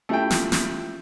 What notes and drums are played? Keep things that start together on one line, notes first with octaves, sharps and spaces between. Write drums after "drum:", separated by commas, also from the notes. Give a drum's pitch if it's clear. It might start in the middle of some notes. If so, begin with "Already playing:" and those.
A3 C#4 E4 F4 G4 G5
drum: snare
drum: snare